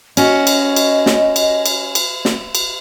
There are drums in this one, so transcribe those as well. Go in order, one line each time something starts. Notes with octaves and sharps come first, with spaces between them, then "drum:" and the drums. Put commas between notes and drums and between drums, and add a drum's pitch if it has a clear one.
C#4 F#4 D#5, drum: cymbal
drum: cymbal
drum: cymbal
drum: snare
drum: cymbal
drum: cymbal
drum: cymbal
drum: snare
drum: cymbal